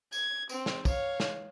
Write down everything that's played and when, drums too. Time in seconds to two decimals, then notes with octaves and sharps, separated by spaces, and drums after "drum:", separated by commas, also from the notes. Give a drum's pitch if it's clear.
0.13 G#6, drum: tambourine
0.49 C4, drum: tambourine
0.66 drum: snare
0.85 C#5 F5, drum: kick, tambourine
1.20 drum: snare